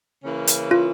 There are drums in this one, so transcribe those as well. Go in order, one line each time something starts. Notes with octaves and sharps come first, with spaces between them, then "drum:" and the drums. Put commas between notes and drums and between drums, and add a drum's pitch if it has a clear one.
C#3 E3 A#3 C#4
drum: hi-hat
F4